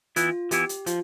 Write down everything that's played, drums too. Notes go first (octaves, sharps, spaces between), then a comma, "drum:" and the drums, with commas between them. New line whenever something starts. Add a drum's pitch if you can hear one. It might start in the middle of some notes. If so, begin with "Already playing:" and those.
E3 B3 E4 F4, drum: hi-hat
E3 B3 E4 G4, drum: hi-hat
drum: hi-hat
F3 F4, drum: hi-hat